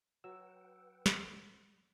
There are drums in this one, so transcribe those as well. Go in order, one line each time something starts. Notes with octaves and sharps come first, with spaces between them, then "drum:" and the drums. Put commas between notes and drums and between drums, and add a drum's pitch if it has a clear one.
F#3 B4 F#5 G5 E6
drum: snare